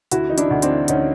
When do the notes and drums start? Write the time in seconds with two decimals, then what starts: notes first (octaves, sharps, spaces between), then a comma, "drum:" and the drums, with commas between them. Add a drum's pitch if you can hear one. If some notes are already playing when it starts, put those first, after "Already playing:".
0.12 D2 E4 F#4, drum: hi-hat
0.29 E3 D#4
0.38 D4 E4, drum: hi-hat
0.50 D2
0.62 C4 D4, drum: hi-hat
0.69 E3
0.88 D2 C#4 D#4, drum: hi-hat